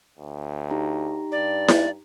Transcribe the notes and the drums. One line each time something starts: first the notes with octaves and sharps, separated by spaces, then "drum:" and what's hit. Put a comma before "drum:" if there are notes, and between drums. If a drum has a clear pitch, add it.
D2
D#4 G4 A#5
G2 D5
drum: snare E4